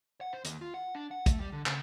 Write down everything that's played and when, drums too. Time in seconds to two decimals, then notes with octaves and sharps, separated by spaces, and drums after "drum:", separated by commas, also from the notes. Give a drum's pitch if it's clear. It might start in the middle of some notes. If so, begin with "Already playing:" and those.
0.21 F#5
0.33 C5
0.45 D#2, drum: hi-hat
0.61 F4
0.74 F#5
0.95 D4
1.11 F#5
1.26 A3, drum: kick, hi-hat
1.40 G3
1.52 D3
1.66 C#3, drum: clap